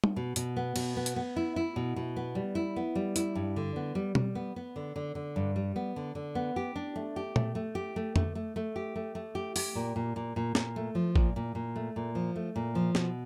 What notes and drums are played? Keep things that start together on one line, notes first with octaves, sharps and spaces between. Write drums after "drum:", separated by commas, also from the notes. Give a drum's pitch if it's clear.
drum: tom
B2
B2, drum: hi-hat
B3
B2, drum: cymbal
B3
drum: hi-hat
B3
E4
E4
B2
B2
B3
G3
E4
B3
G3
E4, drum: hi-hat
G2
D3
B3
G3
G3, drum: tom B2
B3
B3
D3
D3
D3
G2
G3
B3
D3
D3
B3
G4
D4
A3
G4
A3, drum: tom A#2
A3
G4
A3
A3, drum: tom F2
A3
A3
G4
A3
A3
G4
G4, drum: open hi-hat
A#2
A#2
A#2
A#2
A#2, drum: snare
A3
F3
A#2, drum: kick
A#2
A#2
A3
A#2
F3
A3
A#2
F3
B2, drum: snare